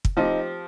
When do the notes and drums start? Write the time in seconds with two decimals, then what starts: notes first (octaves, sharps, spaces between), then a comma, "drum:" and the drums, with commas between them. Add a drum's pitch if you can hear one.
0.05 drum: kick
0.17 F3 C4 D#4 G4